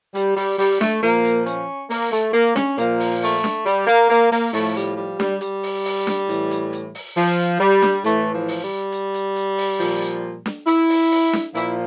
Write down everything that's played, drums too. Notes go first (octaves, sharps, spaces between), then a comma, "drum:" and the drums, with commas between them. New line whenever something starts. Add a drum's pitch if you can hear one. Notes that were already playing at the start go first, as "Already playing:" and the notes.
G3, drum: hi-hat
G3, drum: open hi-hat
G3, drum: open hi-hat
A3, drum: snare D4
A#2 F3 A#3, drum: hi-hat
drum: hi-hat
C#4, drum: hi-hat
A#3, drum: open hi-hat
A3, drum: hi-hat
A#3
C#4, drum: snare D4
A#2 F3 A#3, drum: hi-hat
drum: open hi-hat
A3, drum: open hi-hat
drum: snare D4
G3, drum: hi-hat
A#3, drum: hi-hat
A#3, drum: hi-hat
A#3, drum: open hi-hat
A2 F3 A3, drum: open hi-hat
G3, drum: hi-hat
G3
G3, drum: snare D4
G3, drum: hi-hat
drum: open hi-hat
drum: open hi-hat
drum: snare D4
A2 E3, drum: hi-hat
drum: hi-hat
drum: hi-hat
drum: open hi-hat
F3, drum: open hi-hat
G3
drum: snare D4
A2 E3 A3, drum: hi-hat
F3
drum: open hi-hat
G3
drum: hi-hat
drum: hi-hat
drum: hi-hat
drum: open hi-hat
A#2 F3, drum: open hi-hat
drum: hi-hat
drum: snare D4
E4, drum: hi-hat
drum: open hi-hat
drum: open hi-hat
drum: snare D4
A#2 F3 E4, drum: hi-hat